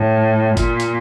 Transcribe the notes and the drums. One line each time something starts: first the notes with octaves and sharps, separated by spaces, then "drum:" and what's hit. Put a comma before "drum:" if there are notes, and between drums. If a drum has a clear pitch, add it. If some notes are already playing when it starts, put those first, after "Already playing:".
Already playing: A2
A#2, drum: kick G1, hi-hat
drum: hi-hat